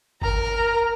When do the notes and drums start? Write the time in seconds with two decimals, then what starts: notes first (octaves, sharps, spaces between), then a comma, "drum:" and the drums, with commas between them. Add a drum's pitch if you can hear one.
0.22 A#4 A#5, drum: kick G1